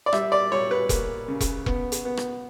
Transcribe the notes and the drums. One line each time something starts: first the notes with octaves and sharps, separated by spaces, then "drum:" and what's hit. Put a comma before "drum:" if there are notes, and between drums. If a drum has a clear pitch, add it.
D5
G3 E5, drum: rim click
D5
G3 C#5
B4
A#3, drum: kick E1, hi-hat
C#3
drum: kick E1, hi-hat
B3, drum: kick E1
drum: hi-hat
B3
drum: rim click